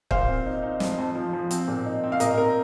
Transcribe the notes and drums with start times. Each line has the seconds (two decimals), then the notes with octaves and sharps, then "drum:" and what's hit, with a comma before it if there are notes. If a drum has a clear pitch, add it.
0.11 A#2 C5 F5, drum: kick
0.29 C4
0.46 D#4
0.63 D#4
0.80 F2, drum: snare
0.98 F2
1.15 F3
1.33 F3
1.51 C4, drum: hi-hat
1.68 A#2
1.86 D#4
2.04 C4
2.12 F5
2.20 A#2 A#4 D#5, drum: hi-hat
2.38 C4 A#4